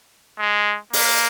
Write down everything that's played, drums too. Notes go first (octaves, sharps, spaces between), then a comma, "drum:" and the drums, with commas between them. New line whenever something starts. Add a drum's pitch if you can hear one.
G#3
A#3, drum: open hi-hat